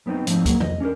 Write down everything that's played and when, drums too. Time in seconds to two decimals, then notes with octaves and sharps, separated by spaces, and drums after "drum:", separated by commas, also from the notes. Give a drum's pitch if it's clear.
0.06 F#2 B3 C4 D4 D#4
0.27 G#2 F3 A3 C4 D#4, drum: hi-hat
0.46 G#2 F3 F#3 G#3 A#3, drum: kick, hi-hat
0.60 D#5, drum: tom
0.80 C#4 D4 G#4 A#4